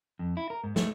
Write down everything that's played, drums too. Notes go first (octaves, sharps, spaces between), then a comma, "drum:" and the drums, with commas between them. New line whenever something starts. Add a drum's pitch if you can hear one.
F2
E4
A#4
G#2
A3, drum: snare